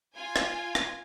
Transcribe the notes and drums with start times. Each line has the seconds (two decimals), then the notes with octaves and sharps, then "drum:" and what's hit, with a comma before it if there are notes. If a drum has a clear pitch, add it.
0.16 F4 G#5
0.36 drum: rim click
0.75 drum: rim click